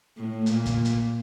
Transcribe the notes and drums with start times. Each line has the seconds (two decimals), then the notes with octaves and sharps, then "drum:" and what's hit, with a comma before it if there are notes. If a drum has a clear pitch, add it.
0.17 A2
0.46 A#2, drum: hi-hat
0.66 drum: kick, hi-hat
0.85 drum: hi-hat